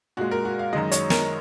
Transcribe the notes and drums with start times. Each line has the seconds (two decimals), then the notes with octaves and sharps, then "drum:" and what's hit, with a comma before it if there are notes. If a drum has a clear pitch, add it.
0.17 A#2 G#3 F#4
0.31 A#4
0.45 F#4
0.59 F5
0.73 F#2 D#3 G#3 D#5
0.92 C#5, drum: hi-hat
1.10 A#4, drum: snare